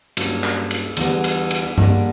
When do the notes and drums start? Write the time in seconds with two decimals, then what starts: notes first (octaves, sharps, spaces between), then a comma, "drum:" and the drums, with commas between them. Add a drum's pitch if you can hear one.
0.17 G2 F#3 A#3 C#4, drum: cymbal
0.44 drum: clap
0.71 drum: cymbal
0.97 E2 D3 G3 B3, drum: cymbal
1.24 drum: cymbal
1.51 drum: cymbal
1.78 D3 G3 A#3, drum: tom G2